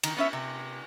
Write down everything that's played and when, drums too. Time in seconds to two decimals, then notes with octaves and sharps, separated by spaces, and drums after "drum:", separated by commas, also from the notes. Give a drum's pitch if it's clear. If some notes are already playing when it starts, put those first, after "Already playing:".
0.03 D#3, drum: cymbal
0.17 B3 C#4 E5
0.33 C3